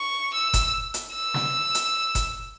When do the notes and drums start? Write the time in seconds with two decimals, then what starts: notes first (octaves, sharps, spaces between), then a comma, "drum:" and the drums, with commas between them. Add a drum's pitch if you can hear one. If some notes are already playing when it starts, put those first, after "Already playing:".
Already playing: C#6
0.34 E6
0.54 drum: kick F#1, hi-hat
0.94 drum: hi-hat
1.14 E6
1.34 drum: snare
1.75 drum: hi-hat
2.15 drum: kick F#1, hi-hat